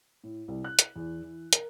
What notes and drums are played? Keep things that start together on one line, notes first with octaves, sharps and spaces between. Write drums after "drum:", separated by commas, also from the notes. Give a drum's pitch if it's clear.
A2
C2
F#6
drum: hi-hat
E2
E3
A#4, drum: hi-hat